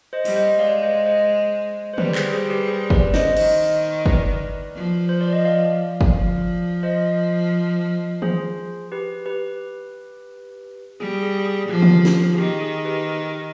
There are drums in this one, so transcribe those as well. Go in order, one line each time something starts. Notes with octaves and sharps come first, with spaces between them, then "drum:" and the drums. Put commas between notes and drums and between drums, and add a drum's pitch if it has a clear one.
C5 D#5
G3, drum: open hi-hat
C5 D#5
G#3 D5 F5
C5 D#5
C5 D#5
C5
G3 B4 D5, drum: tom D3
G#4 C5, drum: clap
G#4 C5
G4 B4
G#4 C5
B4 D5, drum: kick
C5 D#5, drum: snare
D#3 C5 D#5, drum: cymbal
B4 D5, drum: kick
F3
C5
D5
D#5
D5 F5
drum: kick
F3
C5 D#5
G#4 C5, drum: tom D#3
G4 B4
G4 B4
G3 G#4
G#4
G#4
F3 G4
drum: tom D3
drum: snare
G#4
D#3 G4
G#4
G4 B4